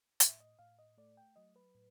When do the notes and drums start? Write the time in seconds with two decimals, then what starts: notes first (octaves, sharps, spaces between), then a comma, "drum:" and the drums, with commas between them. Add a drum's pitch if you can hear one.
0.20 A2 E5, drum: hi-hat
0.40 D#5
0.59 A2 F5
0.79 D#5
0.98 A3 D5
1.17 G5
1.36 F#3 D#5
1.56 B4
1.75 A2